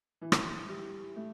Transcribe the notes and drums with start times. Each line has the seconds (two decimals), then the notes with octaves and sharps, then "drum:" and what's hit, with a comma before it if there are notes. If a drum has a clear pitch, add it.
0.22 E3
0.32 drum: rim click
0.69 G3
1.16 A3